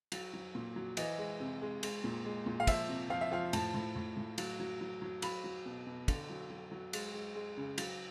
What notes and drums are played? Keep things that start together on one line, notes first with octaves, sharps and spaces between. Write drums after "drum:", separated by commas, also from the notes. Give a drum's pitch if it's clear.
F#3, drum: cymbal
F#3
A#2
F#3
E3 D#5, drum: cymbal
G#3
C3
G#3
G#3, drum: cymbal
A#2
G#3
A#2
F5
F3 E5, drum: kick, cymbal
C3
F3 F5
E5
F3 F5
A2 A5, drum: cymbal
A2
A2
A2
F#3, drum: cymbal
F#3
F#3
F#3
F#3 B5, drum: cymbal
F#3
B2
B2
D3, drum: kick, cymbal
F#3
F#3
F#3
G#3, drum: cymbal
G#3
G#3
C#3
F#3, drum: cymbal